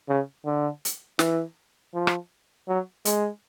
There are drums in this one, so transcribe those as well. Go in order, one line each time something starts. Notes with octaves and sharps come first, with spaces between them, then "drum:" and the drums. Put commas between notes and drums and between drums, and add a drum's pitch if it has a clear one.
C#3
D3
drum: hi-hat
E3, drum: snare
F3
drum: rim click
F#3
G#3, drum: hi-hat